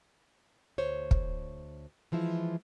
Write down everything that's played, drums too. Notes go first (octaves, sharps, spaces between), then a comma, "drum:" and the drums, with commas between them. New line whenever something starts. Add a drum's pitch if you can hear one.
D2 C5 C#5
drum: kick
E3 F3 G#3 E4